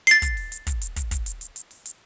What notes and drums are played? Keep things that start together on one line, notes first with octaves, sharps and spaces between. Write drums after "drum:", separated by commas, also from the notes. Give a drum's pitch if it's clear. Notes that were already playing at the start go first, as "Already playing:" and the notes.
A6 C7, drum: hi-hat
drum: kick, hi-hat
drum: open hi-hat
drum: hi-hat
drum: kick, hi-hat
drum: hi-hat
drum: kick, hi-hat
drum: kick, hi-hat
drum: hi-hat
drum: hi-hat
drum: hi-hat
drum: open hi-hat
drum: hi-hat